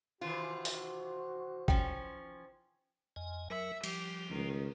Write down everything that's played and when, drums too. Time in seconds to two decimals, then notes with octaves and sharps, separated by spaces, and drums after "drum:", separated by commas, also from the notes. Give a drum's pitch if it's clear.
0.21 C3 D#3 E3 F4 F#4
0.65 drum: open hi-hat
1.68 F3 C#4 G5, drum: kick
3.16 F2 D#5 G#5
3.50 F#3 A#4 E5
3.84 F3 G3 G4, drum: cymbal
4.30 C#2 D#3